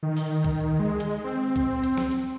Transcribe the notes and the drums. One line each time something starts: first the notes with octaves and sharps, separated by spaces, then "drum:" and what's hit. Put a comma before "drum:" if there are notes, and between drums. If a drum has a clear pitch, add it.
D#3
drum: open hi-hat
drum: kick C2, hi-hat
G#3
drum: hi-hat
C4
drum: kick C2, hi-hat
drum: hi-hat
drum: snare
drum: hi-hat